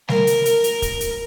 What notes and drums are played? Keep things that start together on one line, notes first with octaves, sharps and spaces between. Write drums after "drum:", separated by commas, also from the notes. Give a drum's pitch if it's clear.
A#4, drum: snare G3
drum: hi-hat
A#4, drum: hi-hat
drum: hi-hat
drum: kick, hi-hat
drum: hi-hat